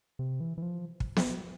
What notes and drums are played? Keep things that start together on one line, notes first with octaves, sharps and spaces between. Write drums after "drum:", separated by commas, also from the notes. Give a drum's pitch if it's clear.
C3
E3
E3
F3
drum: kick
drum: snare B3